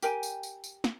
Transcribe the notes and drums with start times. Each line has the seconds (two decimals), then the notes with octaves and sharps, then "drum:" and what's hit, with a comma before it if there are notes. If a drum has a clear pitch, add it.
0.02 G4 A#4 G5 G#5, drum: tambourine
0.23 drum: tambourine
0.43 drum: tambourine
0.64 drum: tambourine
0.84 drum: snare